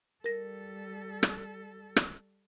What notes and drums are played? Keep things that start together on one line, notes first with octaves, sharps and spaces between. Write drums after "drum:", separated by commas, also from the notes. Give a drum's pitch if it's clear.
G3 A4 A#4 A#6
drum: rim click
drum: rim click